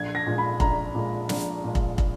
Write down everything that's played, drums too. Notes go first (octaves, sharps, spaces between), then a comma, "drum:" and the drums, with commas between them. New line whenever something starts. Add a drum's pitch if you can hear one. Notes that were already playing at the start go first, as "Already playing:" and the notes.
Already playing: A#1 G#6
A#6
A#2 G#3
B5
A#1 A#5, drum: kick
A#2 G#3
A#1, drum: snare
A#2 G#3
drum: kick
drum: kick